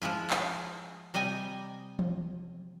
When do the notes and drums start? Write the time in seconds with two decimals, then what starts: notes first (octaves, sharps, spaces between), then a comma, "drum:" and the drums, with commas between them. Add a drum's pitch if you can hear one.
0.02 F3 G#3 E4 F4
0.30 drum: clap
1.14 C3 G3 D#5 G5 G#5
1.99 drum: tom E3